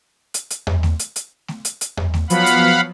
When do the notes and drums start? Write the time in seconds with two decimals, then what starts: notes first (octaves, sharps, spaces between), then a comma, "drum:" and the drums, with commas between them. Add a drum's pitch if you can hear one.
0.34 drum: hi-hat
0.50 drum: hi-hat
0.67 drum: tom E2
0.83 drum: snare A3
0.99 drum: hi-hat
1.16 drum: hi-hat
1.48 drum: snare A3
1.65 drum: hi-hat
1.81 drum: hi-hat
1.97 drum: tom E2
2.14 drum: snare A3
2.30 F3 F#3 B3 F5 F#5 B5, drum: hi-hat
2.46 drum: hi-hat